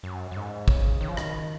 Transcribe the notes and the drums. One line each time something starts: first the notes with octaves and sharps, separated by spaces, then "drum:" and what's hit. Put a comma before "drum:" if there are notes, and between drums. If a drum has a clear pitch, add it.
F#2
F#2
G#2
C#3, drum: kick
D#3
F3
D#3, drum: rim click